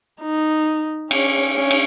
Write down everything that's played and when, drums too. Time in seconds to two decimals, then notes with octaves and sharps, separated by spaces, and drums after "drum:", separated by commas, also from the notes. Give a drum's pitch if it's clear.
0.21 D#4
1.11 C#4, drum: cymbal
1.55 C#4
1.71 drum: cymbal